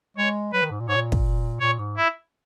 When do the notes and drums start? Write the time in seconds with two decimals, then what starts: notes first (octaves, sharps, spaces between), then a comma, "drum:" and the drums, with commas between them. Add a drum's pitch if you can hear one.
0.17 G#3 C#5
0.53 F#3 B4
0.62 D#3
0.71 G#2
0.80 A#2
0.88 G#2 C#5
0.96 A#2
1.12 drum: kick
1.60 A#2 C#5
1.79 G#2
1.97 E4